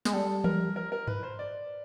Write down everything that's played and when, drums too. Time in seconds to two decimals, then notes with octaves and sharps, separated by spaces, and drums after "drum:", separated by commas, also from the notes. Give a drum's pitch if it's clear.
0.05 G#3, drum: snare
0.13 G3 A4
0.44 A#4, drum: tom E3
0.76 A#4
0.92 A#4
1.07 B4, drum: tom G2
1.23 C5
1.39 D5